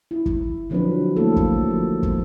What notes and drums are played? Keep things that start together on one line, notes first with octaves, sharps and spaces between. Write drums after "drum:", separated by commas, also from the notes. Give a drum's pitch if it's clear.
E4
drum: kick
D3 F3 F#3 C4 D4 B4
A3 A#3 E4 A4
drum: kick
F3
drum: kick